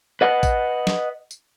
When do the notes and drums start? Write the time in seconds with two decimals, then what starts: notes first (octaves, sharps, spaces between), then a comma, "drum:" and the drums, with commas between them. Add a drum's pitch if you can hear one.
0.21 B4 D#5 F#5
0.43 drum: kick, tambourine
0.87 drum: snare
1.31 drum: tambourine